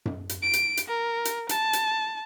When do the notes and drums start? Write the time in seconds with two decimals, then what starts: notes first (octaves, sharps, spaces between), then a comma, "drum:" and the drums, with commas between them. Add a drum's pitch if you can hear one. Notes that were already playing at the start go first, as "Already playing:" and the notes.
0.05 drum: tom F#2
0.29 drum: hi-hat
0.43 D7
0.53 drum: hi-hat
0.77 drum: hi-hat
0.88 A#4
1.25 drum: hi-hat
1.49 A5, drum: hi-hat
1.73 drum: hi-hat